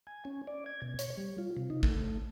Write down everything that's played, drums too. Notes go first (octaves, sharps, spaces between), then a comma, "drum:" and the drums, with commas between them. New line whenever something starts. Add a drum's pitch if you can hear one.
G#5
C#4
D5
G#6
B2
C#5, drum: hi-hat
G3
F4
C3
D#4
A3, drum: kick